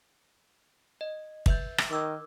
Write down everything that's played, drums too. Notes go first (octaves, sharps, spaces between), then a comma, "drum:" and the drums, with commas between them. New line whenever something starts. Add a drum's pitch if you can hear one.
D#5
B4 E5 G6, drum: kick
drum: rim click
D#3 D6 E6 G#6